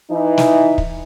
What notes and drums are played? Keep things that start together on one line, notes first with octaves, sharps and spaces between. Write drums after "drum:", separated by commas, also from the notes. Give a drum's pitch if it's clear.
E3 D#4
drum: snare
drum: kick